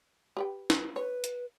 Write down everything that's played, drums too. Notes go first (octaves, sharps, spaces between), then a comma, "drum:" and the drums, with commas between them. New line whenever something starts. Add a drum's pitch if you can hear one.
G4 B4 G5
drum: snare
B4 C#5
drum: hi-hat